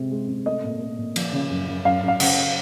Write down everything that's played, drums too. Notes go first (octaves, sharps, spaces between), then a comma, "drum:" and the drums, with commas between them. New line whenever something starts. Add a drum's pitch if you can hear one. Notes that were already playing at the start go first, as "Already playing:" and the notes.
Already playing: C3 G#3
G#3
C3
A3 D#5
A#2
A3
A#2
F3, drum: cymbal
C#3
F#2
F#2
F#2 F5
F#2
F5
C#3 F#5, drum: cymbal
C#3